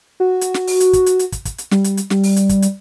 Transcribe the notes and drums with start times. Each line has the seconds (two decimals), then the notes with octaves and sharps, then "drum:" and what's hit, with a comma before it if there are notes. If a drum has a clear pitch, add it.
0.20 F#4
0.41 drum: hi-hat
0.54 drum: snare
0.67 drum: open hi-hat
0.80 drum: hi-hat
0.93 drum: kick, hi-hat
1.06 drum: hi-hat
1.19 drum: hi-hat
1.32 drum: kick, hi-hat
1.45 drum: kick, hi-hat
1.58 drum: hi-hat
1.71 G3, drum: snare
1.84 drum: hi-hat
1.97 drum: hi-hat
2.10 G3, drum: snare
2.23 drum: open hi-hat
2.36 drum: hi-hat
2.49 drum: kick, hi-hat
2.62 drum: hi-hat